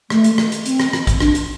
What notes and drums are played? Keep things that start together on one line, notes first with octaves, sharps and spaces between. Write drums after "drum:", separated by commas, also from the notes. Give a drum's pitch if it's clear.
A3, drum: rim click
drum: hi-hat
drum: rim click
drum: hi-hat
C4, drum: hi-hat
drum: rim click
drum: rim click
drum: kick A1, hi-hat
D4, drum: rim click
drum: hi-hat